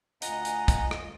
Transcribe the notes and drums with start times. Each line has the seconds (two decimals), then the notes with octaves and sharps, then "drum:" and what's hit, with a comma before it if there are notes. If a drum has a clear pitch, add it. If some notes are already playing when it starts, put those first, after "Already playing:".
0.22 D2 F4 D#5 F#5 G#5 A#5, drum: hi-hat
0.45 drum: hi-hat
0.68 drum: kick, hi-hat
0.91 drum: rim click